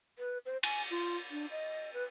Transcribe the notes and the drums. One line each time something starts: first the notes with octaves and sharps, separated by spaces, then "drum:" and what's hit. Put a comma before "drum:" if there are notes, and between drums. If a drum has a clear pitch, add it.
B4
C5
G#5, drum: cymbal
F4
D4
D#5
B4